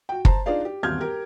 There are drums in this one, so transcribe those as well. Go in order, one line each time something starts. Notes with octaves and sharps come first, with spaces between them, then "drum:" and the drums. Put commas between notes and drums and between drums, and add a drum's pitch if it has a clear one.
F#4 G5
C5 A5 A#5, drum: kick
D4 D#4 F4 G#4 D5 F5
G4
D#1 E2 C4 F6 G6 G#6
G4 A#4